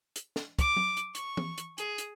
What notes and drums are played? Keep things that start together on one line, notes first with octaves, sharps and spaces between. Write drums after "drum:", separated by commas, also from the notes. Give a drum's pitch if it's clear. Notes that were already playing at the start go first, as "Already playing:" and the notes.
drum: hi-hat
drum: snare
D6, drum: kick, hi-hat
drum: tom F#3
drum: hi-hat
C#6, drum: hi-hat
drum: tom E3
drum: hi-hat
G#4, drum: hi-hat
drum: hi-hat